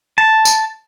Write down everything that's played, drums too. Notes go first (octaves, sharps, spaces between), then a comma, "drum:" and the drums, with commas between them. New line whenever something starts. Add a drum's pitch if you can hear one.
A5
drum: tambourine